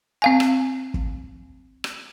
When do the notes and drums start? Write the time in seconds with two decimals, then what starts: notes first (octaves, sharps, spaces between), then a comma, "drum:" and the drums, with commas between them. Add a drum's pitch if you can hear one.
0.22 C4 F5 G#5
0.40 drum: rim click
0.94 drum: kick
1.84 drum: rim click